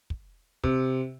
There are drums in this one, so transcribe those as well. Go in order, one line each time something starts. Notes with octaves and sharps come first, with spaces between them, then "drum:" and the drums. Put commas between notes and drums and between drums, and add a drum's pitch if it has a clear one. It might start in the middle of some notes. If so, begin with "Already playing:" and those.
drum: kick
C3, drum: kick